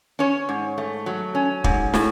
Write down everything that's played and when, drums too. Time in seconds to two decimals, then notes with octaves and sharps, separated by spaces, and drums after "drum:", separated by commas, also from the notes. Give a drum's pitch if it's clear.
0.19 C#4 C#5
0.49 G#2
0.78 A3
1.06 F#3
1.35 C#4
1.64 G#2, drum: kick
1.94 A2, drum: snare